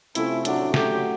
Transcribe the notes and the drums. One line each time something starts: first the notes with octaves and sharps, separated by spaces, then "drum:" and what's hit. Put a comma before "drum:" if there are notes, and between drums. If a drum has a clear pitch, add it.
C3 F3 A3 C#4 E4, drum: hi-hat
A2 F#3 A3 D4, drum: hi-hat
A2 F#3 A3 G4, drum: snare